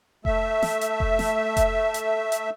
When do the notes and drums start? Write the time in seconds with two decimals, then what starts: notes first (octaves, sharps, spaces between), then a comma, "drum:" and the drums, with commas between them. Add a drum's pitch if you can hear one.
0.25 A3 E5, drum: kick F1
0.63 drum: snare
0.81 drum: hi-hat
1.00 drum: kick F1
1.19 drum: snare
1.57 drum: kick F1, hi-hat
1.94 drum: hi-hat
2.32 drum: hi-hat